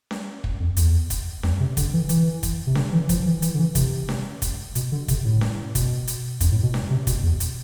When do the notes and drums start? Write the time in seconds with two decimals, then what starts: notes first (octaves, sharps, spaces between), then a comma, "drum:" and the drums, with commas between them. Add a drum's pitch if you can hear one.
0.11 drum: snare C#4
0.44 drum: kick
0.60 F2
0.77 E2, drum: hi-hat
1.10 drum: kick, hi-hat
1.43 F2, drum: snare C#4
1.60 C3
1.77 D3, drum: kick, hi-hat
1.93 E3
2.09 E3, drum: hi-hat
2.43 drum: kick, hi-hat
2.67 C3
2.75 D3, drum: snare C#4
2.92 E3
3.09 F3, drum: kick, hi-hat
3.26 E3
3.42 E3, drum: hi-hat
3.54 D3
3.59 E3
3.75 C3, drum: kick, hi-hat
4.09 drum: snare C#4
4.42 drum: kick, hi-hat
4.75 B2, drum: hi-hat
4.92 D3
5.08 C3, drum: kick, hi-hat
5.25 A2
5.41 drum: snare C#4
5.75 B2, drum: kick, hi-hat
6.08 drum: hi-hat
6.40 F2, drum: kick, hi-hat
6.51 A2
6.63 B2
6.74 drum: snare C#4
6.90 C3
7.07 B2, drum: kick, hi-hat
7.23 E2
7.40 drum: hi-hat